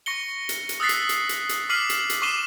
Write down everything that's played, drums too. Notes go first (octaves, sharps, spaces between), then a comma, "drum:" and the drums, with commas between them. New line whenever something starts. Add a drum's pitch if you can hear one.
C#6 A#6 C#7 G7
drum: hi-hat
drum: hi-hat
D#6 E6 F#6 A6 B6 C7
drum: hi-hat
drum: hi-hat
drum: hi-hat
drum: hi-hat
D6 F6 B6 C7 D#7 F#7
drum: hi-hat
drum: hi-hat
C#6 D6 C7 D#7 E7 G7